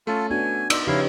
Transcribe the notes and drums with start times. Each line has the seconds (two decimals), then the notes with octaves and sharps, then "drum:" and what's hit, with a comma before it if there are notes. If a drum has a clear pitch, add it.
0.07 A3 C#4 F4 A4
0.30 B3 D4 F#4 G#5
0.70 D#4 D5 D#5 E6, drum: cymbal
0.87 C#3 F3 D#4 E4 G4 B4 C#5 F5